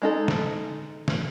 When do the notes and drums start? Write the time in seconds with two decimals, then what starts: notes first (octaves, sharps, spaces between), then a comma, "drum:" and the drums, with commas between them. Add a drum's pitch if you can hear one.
0.02 G#3 D#4 A4
0.28 drum: snare
1.08 drum: snare